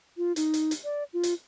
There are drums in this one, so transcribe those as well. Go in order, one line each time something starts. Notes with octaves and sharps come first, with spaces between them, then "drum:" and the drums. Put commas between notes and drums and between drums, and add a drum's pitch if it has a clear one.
F4
D#4, drum: hi-hat
drum: hi-hat
drum: hi-hat
D5
F4
drum: hi-hat